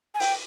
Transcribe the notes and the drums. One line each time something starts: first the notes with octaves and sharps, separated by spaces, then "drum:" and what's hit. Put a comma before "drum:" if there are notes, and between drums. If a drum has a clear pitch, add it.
G#5
G5, drum: open hi-hat